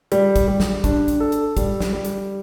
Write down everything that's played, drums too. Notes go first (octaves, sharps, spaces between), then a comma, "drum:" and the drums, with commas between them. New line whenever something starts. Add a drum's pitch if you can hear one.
G3, drum: hi-hat
drum: kick, hi-hat
G3
drum: snare
D4, drum: kick, hi-hat
drum: hi-hat
A4
drum: hi-hat
G3, drum: kick, hi-hat
drum: snare
G3
drum: hi-hat